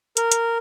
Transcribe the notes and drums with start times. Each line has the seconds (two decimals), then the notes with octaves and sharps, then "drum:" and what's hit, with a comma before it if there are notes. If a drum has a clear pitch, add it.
0.17 A#4, drum: hi-hat
0.32 drum: hi-hat